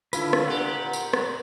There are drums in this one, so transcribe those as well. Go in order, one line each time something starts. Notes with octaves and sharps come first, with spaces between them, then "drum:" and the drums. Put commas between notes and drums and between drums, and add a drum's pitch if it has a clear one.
D3 E4 F4 B4, drum: tambourine
drum: rim click
A#2 G4 F#5
drum: tambourine
drum: rim click